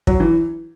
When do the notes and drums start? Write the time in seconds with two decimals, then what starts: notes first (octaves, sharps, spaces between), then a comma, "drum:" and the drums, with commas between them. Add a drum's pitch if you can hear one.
0.07 F#3, drum: kick
0.20 E3